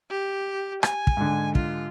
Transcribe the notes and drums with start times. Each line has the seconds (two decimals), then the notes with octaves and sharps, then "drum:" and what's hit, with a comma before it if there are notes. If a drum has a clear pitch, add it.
0.10 G4
0.83 G#5, drum: rim click
1.07 drum: kick
1.17 G#2 D3
1.55 F4, drum: kick